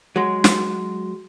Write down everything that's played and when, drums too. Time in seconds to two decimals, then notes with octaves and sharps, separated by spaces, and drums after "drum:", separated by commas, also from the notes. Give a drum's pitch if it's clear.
0.16 F#3 G#3
0.44 drum: snare